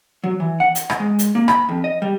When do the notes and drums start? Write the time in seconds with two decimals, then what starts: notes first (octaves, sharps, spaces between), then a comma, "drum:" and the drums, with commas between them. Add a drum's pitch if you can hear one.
0.24 F#3
0.40 E3
0.60 F#5
0.75 drum: hi-hat
0.90 drum: rim click
1.00 G#3
1.19 drum: hi-hat
1.35 A#3
1.48 B5, drum: rim click
1.69 F2
1.84 D#5
2.02 G3